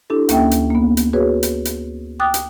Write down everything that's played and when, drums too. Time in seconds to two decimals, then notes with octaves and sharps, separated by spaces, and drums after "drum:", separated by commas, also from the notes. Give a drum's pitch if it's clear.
0.10 D4 E4 G4 A4
0.29 D2 A#3 C#4 E5 G5, drum: hi-hat
0.51 drum: hi-hat
0.70 A#3 B3
0.97 drum: hi-hat
1.13 F#4 G#4 B4 C#5
1.43 drum: hi-hat
1.65 drum: hi-hat
2.20 G5 D6 D#6 F#6 A6
2.34 drum: hi-hat